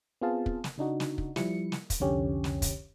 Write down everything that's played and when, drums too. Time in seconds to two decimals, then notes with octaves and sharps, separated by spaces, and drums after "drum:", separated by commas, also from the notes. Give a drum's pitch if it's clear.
0.22 B3 C4 F4 G#4 F5 A5
0.46 drum: kick
0.64 drum: snare
0.78 C#3 D4 D#4 F#4
1.00 drum: snare
1.18 drum: kick
1.36 F3 G3 E4 C#7, drum: snare
1.72 drum: snare
1.90 drum: kick, hi-hat
2.00 C2 F2 D3 C#4 G4 C#5
2.44 drum: snare
2.62 drum: kick, hi-hat